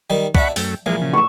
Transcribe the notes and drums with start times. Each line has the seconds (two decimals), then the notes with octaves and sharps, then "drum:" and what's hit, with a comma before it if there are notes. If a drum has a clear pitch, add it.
0.10 D#3 G3 D#4
0.35 B2 D4 E5 F#5 B5 C#6, drum: kick
0.56 F#2 A3 G5, drum: open hi-hat
0.86 A#1 E3 G#3 A#3
1.01 C#3
1.13 C#6 E6